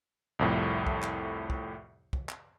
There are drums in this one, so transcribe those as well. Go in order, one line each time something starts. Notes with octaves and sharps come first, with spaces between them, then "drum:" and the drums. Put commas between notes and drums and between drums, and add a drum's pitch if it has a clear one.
C2 F2 A2
drum: kick
drum: clap
drum: kick
drum: kick
drum: clap